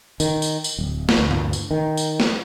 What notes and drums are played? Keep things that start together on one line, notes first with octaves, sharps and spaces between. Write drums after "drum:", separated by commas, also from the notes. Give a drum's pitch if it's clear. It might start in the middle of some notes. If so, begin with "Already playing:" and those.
D#3, drum: tambourine
drum: tambourine
drum: tambourine
D1
drum: snare
D2
drum: tom G2
drum: tambourine
D#3
drum: tambourine
drum: snare